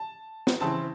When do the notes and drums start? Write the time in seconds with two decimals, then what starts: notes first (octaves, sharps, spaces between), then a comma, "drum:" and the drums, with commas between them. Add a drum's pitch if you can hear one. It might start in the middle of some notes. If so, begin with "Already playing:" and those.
Already playing: A5
0.47 drum: snare
0.60 C#3 E3 C4 A5